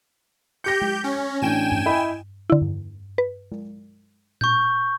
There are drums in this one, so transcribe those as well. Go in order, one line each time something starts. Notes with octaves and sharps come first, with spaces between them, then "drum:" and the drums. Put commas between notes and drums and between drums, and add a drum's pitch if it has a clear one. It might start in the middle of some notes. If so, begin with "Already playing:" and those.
G4 G6 A#6 C#7
drum: tom G#3
C#4
A1 D4 G5 G#5 E7
drum: tom G2
E4 D#5 B5
D3 E4
drum: tom G2
B4
drum: tom G#3
C#6 G6, drum: tom A#2